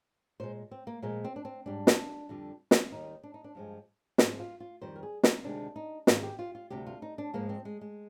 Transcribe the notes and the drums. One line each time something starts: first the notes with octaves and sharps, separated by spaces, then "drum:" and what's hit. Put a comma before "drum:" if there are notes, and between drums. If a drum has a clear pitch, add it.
A#2 G#3 C5
C4
A#3
A#2 F3 G#3 A#3
C4
D4
C4
G#2 G3 D4
drum: snare
F2 D3 G3
drum: snare
D#2 D#3 G3 D#4
D4
D#4
D4
G2 F3 G#3
G#2 F3 G#3 C5, drum: snare
F4
F4
F2 D#3 G3 C5
A#4
G#4
D#4, drum: snare
D2 C3 D#3 G#3 D4
D#4
G#2 D#3 G#3 F4, drum: snare
G4
F4
F4
D2 C3 G3 G4
F4
D#4
D4
G#2 F3 G#3 A#3
C4
G#3
G#3